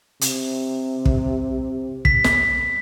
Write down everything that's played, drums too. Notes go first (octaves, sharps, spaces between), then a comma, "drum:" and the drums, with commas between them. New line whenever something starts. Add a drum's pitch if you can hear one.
C3, drum: hi-hat
drum: kick
B6, drum: kick
drum: snare